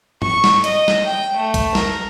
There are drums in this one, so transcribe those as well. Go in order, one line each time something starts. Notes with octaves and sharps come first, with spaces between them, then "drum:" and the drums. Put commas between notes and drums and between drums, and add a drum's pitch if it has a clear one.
C#6, drum: tom G#2
drum: snare
D#5, drum: hi-hat
drum: snare
G5
A3
drum: kick B1, hi-hat
A#4, drum: snare